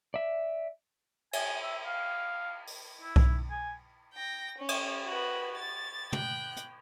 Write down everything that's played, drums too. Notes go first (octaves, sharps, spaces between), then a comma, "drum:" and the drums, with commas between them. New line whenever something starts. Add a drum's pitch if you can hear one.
D5 E5
G#5, drum: cymbal
E5
F5
drum: open hi-hat
E4
drum: kick B1
G#5
G5 A#6
C#4
drum: cymbal
F#4 B4
A6
G5 F#6, drum: tom
drum: hi-hat